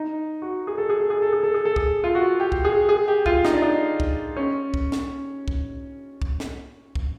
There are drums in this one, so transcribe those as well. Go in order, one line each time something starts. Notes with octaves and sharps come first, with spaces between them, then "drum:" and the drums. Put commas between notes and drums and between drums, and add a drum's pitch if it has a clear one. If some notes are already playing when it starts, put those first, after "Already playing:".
Already playing: D#4
F#4
G#4
A4
G#4
A4
G#4
A4
G#4
A4
G#4
A4
G#4, drum: kick
F4
F#4
G4
drum: kick
G#4
G#4
G4
F4, drum: kick
D#4, drum: snare
D4
D#4
drum: kick
C#4
drum: kick
drum: snare
drum: kick
drum: kick
drum: snare
drum: kick